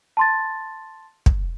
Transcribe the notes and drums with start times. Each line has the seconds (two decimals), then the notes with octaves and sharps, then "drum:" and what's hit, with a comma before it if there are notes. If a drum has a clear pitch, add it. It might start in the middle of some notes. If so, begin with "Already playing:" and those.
0.17 A5 C6 A6
1.26 drum: kick